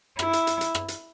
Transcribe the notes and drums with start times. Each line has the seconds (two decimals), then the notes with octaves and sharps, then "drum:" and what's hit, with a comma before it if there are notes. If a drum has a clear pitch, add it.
0.19 E4, drum: rim click
0.33 drum: hi-hat
0.47 drum: hi-hat
0.61 drum: hi-hat
0.75 drum: rim click
0.88 drum: hi-hat